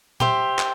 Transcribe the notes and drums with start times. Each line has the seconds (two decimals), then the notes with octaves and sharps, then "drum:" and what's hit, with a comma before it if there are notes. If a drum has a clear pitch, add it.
0.20 G4 C5 E5, drum: tom
0.59 drum: clap